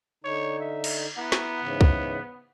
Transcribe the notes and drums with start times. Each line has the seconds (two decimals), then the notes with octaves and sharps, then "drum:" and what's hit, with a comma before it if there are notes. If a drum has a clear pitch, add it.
0.24 D3 D#4 C#5
0.60 E5
0.84 drum: cymbal
1.18 B3 E4 F#5 A#5
1.32 drum: snare
1.61 G#2 C#3 E3
1.81 drum: kick